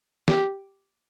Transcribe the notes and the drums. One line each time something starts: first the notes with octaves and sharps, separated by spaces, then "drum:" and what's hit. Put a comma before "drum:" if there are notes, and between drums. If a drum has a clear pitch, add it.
G4, drum: snare